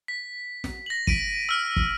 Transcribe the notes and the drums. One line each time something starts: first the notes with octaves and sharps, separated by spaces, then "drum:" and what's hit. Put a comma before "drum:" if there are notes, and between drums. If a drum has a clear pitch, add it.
B6
drum: snare
A#6 F#7
B6 D7 D#7, drum: kick
E6 F6
drum: kick